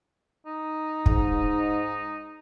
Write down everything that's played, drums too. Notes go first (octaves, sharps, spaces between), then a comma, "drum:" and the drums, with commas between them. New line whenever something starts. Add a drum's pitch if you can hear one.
D#4
G#2, drum: kick